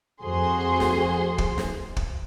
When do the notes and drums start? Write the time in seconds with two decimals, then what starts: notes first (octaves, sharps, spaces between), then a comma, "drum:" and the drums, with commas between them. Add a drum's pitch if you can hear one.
0.22 F2 A3 F#4 G#4 C5 C6
0.80 drum: snare
1.38 drum: kick
1.58 drum: snare
1.97 drum: kick